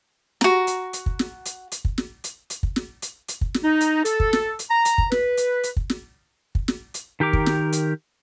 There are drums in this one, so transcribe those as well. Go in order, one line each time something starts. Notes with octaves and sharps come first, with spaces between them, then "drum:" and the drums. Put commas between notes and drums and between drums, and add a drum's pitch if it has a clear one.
F#4 A#5, drum: snare
drum: hi-hat
drum: hi-hat
drum: kick
drum: snare
drum: hi-hat
drum: hi-hat
drum: kick
drum: snare
drum: hi-hat
drum: hi-hat
drum: kick
drum: snare
drum: hi-hat
drum: hi-hat
drum: kick
drum: snare
D#4
drum: hi-hat
A4, drum: hi-hat
drum: kick
drum: snare
drum: hi-hat
A#5
drum: hi-hat
drum: kick
B4, drum: snare
drum: hi-hat
drum: hi-hat
drum: kick
drum: snare
drum: kick
drum: snare
drum: hi-hat
D#3 G4 A#4 D6
drum: kick
drum: snare
drum: hi-hat